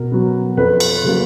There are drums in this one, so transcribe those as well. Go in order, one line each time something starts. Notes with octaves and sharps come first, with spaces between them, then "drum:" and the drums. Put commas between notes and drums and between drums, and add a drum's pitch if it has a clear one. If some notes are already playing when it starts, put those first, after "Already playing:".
Already playing: B2 A#4
F#3 B3
F2 B4
drum: cymbal
C#3 F#3 A#3